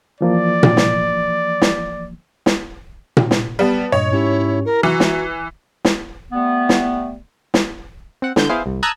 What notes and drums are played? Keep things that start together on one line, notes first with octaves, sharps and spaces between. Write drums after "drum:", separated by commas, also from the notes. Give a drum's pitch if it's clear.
E3 F3 A#3 D5
drum: tom A#2
drum: snare
drum: snare
drum: snare
drum: tom A#2
drum: snare
G3 B3 B4 A5
G2 A#2 C#5 D#5
G#2 C#4 E4 G4
E4 A#4 A#5
E3 F#4
drum: snare
drum: snare
G3 A3 B3
drum: snare
drum: snare
C4 F#5
D3 G6, drum: snare
B3 E4 G#4 C5 F5
C2
A5 A#5 D#6 E6 F#6 G#6